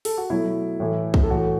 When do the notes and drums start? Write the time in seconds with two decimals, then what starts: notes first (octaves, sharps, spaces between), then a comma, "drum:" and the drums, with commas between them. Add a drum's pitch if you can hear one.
0.05 A4, drum: open hi-hat
0.18 F#4
0.30 B2 F#3 A3 E4
0.80 A2 E3 A3
1.14 drum: kick
1.23 A4
1.30 A2 E3 A3 F#4